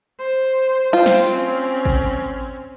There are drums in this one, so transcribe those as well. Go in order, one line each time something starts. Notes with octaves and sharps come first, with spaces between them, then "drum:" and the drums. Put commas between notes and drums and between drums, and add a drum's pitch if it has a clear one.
C5
F4 C5 G5
drum: snare
C4 C#4
drum: kick G#1